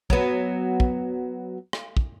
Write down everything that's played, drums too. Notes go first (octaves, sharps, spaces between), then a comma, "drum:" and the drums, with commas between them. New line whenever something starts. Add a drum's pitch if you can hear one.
F#3 B3, drum: kick
drum: kick
drum: rim click
drum: kick